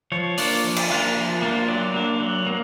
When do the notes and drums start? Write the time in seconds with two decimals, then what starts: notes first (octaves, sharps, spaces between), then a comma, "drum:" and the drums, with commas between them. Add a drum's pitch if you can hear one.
0.12 F3 C#5
0.38 A#3 D4 F4 D5, drum: open hi-hat
0.64 F3
0.76 drum: cymbal
0.90 A#3 D4 F4
1.16 F3
1.42 A#3 D4 F4
1.68 F#3 D5
1.94 A#3 D4
2.20 F#3
2.46 A#3